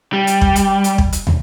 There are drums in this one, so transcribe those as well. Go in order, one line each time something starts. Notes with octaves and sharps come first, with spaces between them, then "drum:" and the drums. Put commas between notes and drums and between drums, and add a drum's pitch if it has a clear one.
G3
drum: hi-hat
drum: kick
drum: hi-hat
drum: hi-hat
drum: kick
drum: hi-hat
drum: tom